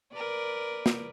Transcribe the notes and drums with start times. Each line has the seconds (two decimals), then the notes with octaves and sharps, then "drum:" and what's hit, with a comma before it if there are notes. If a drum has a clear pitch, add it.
0.13 A#4 B4 D5
0.86 drum: snare